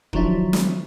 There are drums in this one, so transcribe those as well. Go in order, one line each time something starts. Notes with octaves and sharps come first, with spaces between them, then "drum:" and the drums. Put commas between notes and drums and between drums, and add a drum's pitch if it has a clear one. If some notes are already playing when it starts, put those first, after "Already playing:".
D#3 F3 F#3 D4 E4, drum: kick C#1
drum: snare